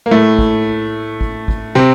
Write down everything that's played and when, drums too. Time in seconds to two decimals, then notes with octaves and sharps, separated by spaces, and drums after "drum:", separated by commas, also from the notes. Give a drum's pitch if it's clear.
0.06 A#3
0.11 A2 A3
0.39 drum: kick
1.21 drum: kick
1.48 drum: kick
1.75 C3 C4